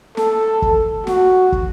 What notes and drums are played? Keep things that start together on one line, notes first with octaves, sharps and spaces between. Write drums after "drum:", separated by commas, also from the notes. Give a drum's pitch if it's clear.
A4, drum: snare
drum: kick
F#4, drum: snare
drum: kick